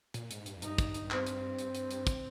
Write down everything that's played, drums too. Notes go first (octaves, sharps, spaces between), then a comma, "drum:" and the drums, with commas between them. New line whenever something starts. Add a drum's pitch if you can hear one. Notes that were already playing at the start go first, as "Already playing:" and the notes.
A#2, drum: hi-hat
G#2, drum: hi-hat
G2, drum: hi-hat
F2
G2 D#4, drum: hi-hat
drum: kick, hi-hat
drum: hi-hat
C4, drum: clap
drum: hi-hat
drum: hi-hat
drum: hi-hat
drum: hi-hat
drum: kick, hi-hat